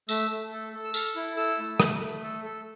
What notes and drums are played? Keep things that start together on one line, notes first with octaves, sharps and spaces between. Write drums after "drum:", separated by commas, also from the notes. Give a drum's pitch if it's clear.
A3 E6, drum: tambourine
A3
A4
A4
E6
A4 F6, drum: tambourine
E4
A4 E6
A3
A3, drum: rim click
A3
A4
A4